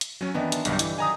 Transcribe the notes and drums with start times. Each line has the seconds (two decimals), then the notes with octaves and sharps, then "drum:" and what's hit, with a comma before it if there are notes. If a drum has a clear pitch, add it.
0.01 drum: hi-hat
0.21 F#3 C#4 F#4 G#5
0.34 D#3 E3 B3 D4
0.52 A5 C6, drum: hi-hat
0.65 B1 G2 D3 G3, drum: hi-hat
0.79 E3, drum: hi-hat
0.98 D#3 F#3 G#5 A#5 D#6